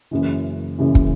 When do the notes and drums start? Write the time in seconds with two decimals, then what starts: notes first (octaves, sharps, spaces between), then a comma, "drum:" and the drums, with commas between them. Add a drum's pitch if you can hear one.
0.11 F#1 F#2 C#3 E3
0.78 F#1 F#2 C#3 E3
0.95 drum: kick